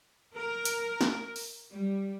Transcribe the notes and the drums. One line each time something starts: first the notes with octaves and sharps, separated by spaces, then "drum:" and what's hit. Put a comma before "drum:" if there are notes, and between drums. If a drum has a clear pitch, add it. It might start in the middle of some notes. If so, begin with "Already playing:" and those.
A#4
drum: hi-hat
drum: snare
drum: open hi-hat
G3